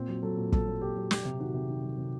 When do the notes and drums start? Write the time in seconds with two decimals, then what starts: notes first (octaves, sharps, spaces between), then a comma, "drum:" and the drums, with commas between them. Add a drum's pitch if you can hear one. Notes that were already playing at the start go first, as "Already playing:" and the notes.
Already playing: A#2 C4
0.09 F#3
0.23 F#3 A4
0.37 A#2
0.52 F#3 A4, drum: kick
0.67 F#3
0.82 A#2 G4
0.96 F#3
1.11 F#3 G4, drum: snare
1.25 C3
1.39 D#3 F#4
1.54 C3
1.69 D#3
1.83 F#3
1.98 C3